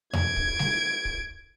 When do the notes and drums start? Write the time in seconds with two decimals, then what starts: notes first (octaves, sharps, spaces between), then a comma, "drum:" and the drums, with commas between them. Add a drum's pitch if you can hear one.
0.13 G#6 D7, drum: tom E2
0.36 drum: kick
0.59 drum: snare G3
1.05 drum: kick